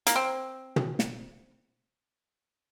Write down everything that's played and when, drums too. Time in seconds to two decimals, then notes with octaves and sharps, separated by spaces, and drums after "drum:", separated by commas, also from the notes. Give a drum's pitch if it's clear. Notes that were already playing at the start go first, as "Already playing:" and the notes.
0.07 A#3, drum: hi-hat
0.16 C4
0.76 drum: tom
0.99 drum: snare